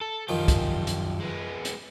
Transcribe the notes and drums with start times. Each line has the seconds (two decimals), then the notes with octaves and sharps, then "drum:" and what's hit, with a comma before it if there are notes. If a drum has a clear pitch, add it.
0.01 A4
0.29 F#2 D#3 F3 G4
0.48 drum: kick, hi-hat
0.87 drum: hi-hat
1.20 G#3 B3
1.65 drum: hi-hat